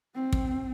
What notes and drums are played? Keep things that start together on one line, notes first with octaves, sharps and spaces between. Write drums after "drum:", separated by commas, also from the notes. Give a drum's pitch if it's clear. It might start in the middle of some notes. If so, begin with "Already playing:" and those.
C4
drum: kick